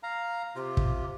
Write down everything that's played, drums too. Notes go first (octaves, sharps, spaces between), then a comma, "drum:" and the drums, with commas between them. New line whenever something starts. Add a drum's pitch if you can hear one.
F5 A#5
C3 F4 G4
drum: kick